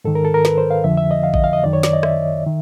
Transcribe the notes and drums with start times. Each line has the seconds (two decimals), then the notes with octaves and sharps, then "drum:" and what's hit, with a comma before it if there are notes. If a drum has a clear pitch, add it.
0.05 G#2 D#3 A4
0.15 A#4
0.25 A4
0.34 A#4
0.45 B4, drum: snare
0.58 C5
0.71 F5
0.84 F2 D3 F3 E5
0.98 E5
1.11 D#5
1.24 F5
1.34 D#5, drum: kick A1
1.44 F5
1.53 D#5
1.64 F#2 D#3 D5
1.73 C#5
1.83 D5, drum: snare
1.93 D#5
2.03 E5, drum: rim click
2.46 D#3